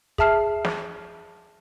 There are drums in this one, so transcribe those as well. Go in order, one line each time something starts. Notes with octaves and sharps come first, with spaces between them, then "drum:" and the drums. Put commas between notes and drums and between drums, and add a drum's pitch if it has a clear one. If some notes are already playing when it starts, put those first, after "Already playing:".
G#4 E5 A5 F6 C7, drum: kick
drum: snare